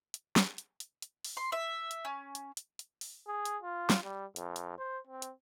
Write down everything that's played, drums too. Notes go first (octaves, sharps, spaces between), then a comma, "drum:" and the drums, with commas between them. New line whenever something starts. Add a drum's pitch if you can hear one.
drum: hi-hat
drum: snare
drum: hi-hat
drum: hi-hat
drum: hi-hat
drum: open hi-hat
C6
E5
drum: hi-hat
C#4
drum: hi-hat
drum: hi-hat
drum: hi-hat
drum: open hi-hat
G#4
drum: hi-hat
F4
drum: snare
G3
F2, drum: hi-hat
drum: hi-hat
C5
C4
drum: hi-hat